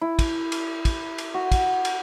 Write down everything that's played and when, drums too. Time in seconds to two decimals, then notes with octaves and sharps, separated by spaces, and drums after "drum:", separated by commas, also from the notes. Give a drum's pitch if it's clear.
0.01 E4
0.19 drum: kick, cymbal
0.52 drum: cymbal
0.85 drum: kick, cymbal
1.18 drum: cymbal
1.34 F#4
1.52 drum: kick, cymbal
1.85 drum: cymbal